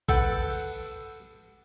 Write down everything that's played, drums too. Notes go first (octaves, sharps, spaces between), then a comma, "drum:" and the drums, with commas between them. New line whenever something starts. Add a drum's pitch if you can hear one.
A4 B4 F#5 G5, drum: kick A1
drum: cymbal